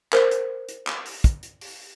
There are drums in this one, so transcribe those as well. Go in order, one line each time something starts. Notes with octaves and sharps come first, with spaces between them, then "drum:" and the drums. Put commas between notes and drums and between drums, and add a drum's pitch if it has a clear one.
A#4 C5, drum: clap
drum: hi-hat
drum: hi-hat
drum: clap
drum: open hi-hat
drum: kick, hi-hat
drum: hi-hat
drum: open hi-hat